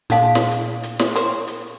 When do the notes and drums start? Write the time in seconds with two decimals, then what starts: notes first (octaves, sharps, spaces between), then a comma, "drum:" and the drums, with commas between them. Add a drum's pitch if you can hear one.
0.10 A#2 G#3 D4 D#4 F5
0.35 drum: snare
0.51 drum: hi-hat
0.83 drum: hi-hat
0.99 drum: snare
1.15 A#4 C5 C#5, drum: hi-hat
1.48 drum: hi-hat